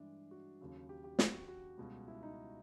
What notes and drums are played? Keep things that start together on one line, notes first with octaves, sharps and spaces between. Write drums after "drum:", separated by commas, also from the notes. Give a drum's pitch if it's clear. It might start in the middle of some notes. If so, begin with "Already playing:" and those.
Already playing: G2 E3 G#3 D4
F#4
D#2 C#3 F#3
G4
G4
G4, drum: snare
F#4
F#4
C#2 B2 G3
E4
D#4